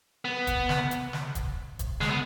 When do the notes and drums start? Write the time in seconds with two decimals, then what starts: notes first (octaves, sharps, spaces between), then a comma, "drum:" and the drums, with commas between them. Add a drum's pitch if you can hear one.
0.25 B3
0.47 drum: kick, hi-hat
0.69 drum: snare
0.91 drum: hi-hat
1.13 drum: snare
1.35 drum: kick, hi-hat
1.79 drum: kick, hi-hat
2.01 G#3, drum: snare
2.09 B3